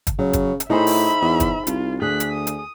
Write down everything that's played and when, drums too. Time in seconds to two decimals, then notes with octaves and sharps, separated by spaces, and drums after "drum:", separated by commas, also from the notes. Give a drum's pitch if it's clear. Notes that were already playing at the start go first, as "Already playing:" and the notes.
0.07 drum: kick, hi-hat
0.19 C#3 F#3
0.33 drum: kick, hi-hat
0.60 drum: hi-hat
0.70 A2 D#4 G#4 C5 E5 B5
0.87 drum: open hi-hat
1.22 E2
1.40 drum: kick, hi-hat
1.67 C2 F4, drum: hi-hat
2.02 D2 G#4 F#6 B6
2.20 drum: hi-hat
2.32 D#6
2.47 drum: hi-hat